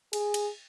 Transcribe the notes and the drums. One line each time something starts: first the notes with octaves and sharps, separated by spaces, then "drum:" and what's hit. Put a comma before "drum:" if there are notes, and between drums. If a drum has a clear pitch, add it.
G#4, drum: cymbal
drum: cymbal